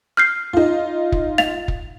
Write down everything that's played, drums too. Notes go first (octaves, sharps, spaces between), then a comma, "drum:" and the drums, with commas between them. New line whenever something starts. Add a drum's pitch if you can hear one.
F6 G6 C7
D#4 F4
drum: kick
F5 A6 F7, drum: snare
drum: kick